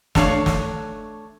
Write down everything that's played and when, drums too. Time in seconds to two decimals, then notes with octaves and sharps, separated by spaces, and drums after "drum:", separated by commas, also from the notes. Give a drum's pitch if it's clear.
0.15 A3 D4 C#5 F5, drum: snare
0.46 drum: snare